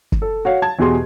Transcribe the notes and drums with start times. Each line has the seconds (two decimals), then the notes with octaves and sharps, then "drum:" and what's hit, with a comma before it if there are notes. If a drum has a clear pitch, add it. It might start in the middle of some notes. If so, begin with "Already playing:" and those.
0.12 drum: kick
0.22 A4
0.45 F#4 C#5 F5
0.62 A5 G#6
0.79 E2 B2 G4 G#4 C6